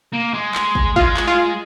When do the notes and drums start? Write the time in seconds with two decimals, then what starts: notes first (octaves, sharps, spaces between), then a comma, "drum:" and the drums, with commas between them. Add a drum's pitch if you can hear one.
0.13 A#3
0.34 G#3
0.55 drum: clap
0.75 drum: kick
0.96 G#3 F4, drum: kick
1.17 drum: clap
1.27 F4